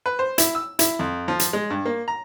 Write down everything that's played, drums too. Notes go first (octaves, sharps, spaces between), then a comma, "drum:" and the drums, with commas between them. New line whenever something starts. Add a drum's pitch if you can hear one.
B4
C5
E4, drum: hi-hat
E6
E4, drum: hi-hat
F2
F3
drum: hi-hat
G#3
G2
A#3
A#5